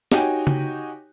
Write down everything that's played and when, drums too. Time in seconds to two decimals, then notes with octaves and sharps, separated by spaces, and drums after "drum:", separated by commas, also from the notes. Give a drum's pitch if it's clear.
0.12 D#4 F#4 G4 C#5 G5 G#5, drum: snare
0.47 drum: tom C#3